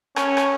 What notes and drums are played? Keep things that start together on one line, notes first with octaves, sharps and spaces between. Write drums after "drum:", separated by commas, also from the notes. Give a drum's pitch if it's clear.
C#4, drum: rim click
drum: rim click